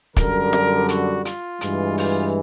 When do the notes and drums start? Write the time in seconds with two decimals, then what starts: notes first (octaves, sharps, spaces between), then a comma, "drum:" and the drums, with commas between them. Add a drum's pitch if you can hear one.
0.16 F#2 D3 G3 A#4, drum: kick, hi-hat
0.53 drum: snare
0.88 F#4, drum: hi-hat
1.25 F4, drum: hi-hat
1.61 G2 E3 G#3, drum: hi-hat
1.98 F4, drum: open hi-hat